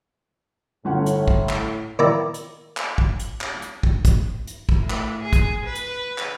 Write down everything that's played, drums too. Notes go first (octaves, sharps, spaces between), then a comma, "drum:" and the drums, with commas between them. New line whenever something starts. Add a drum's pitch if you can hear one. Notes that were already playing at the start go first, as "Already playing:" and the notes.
G1 A2 C#4 F#5
drum: hi-hat
drum: kick
drum: clap
A#2 D#3 E4 D5 A#5
drum: hi-hat
drum: clap
drum: kick
drum: hi-hat
drum: clap
drum: hi-hat
drum: kick
drum: kick, hi-hat
drum: hi-hat
drum: kick
A2
drum: clap
G#4
drum: kick, hi-hat
B4
drum: hi-hat
drum: clap